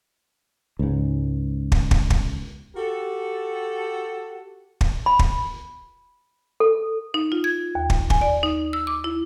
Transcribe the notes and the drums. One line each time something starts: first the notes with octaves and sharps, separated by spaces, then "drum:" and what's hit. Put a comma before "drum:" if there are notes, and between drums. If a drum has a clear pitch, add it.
C#2 G#2
drum: kick
drum: kick
drum: kick
F#4 G4 A4
drum: kick
B5
drum: kick
A4
D#4
F4
G#6
D#2
drum: kick
G#5, drum: kick
D5
D#4
E6
D6
E4